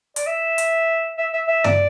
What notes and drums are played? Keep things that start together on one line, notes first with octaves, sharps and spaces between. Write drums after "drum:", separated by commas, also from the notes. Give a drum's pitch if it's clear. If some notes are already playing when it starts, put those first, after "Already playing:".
D5, drum: hi-hat
E5
drum: hi-hat
E5
E5
E5
D5, drum: tom